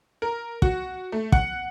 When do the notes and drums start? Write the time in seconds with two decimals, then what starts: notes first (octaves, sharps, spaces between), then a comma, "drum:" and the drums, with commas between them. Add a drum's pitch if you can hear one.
0.22 A#4
0.62 F#4, drum: kick
1.12 A3
1.32 F#5, drum: kick